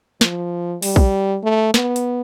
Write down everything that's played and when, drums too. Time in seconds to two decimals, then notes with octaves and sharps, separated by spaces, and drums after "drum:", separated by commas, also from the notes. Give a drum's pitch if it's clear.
0.21 F3, drum: snare
0.82 G3, drum: open hi-hat
0.96 drum: kick
1.43 A3
1.74 B3, drum: snare
1.96 drum: hi-hat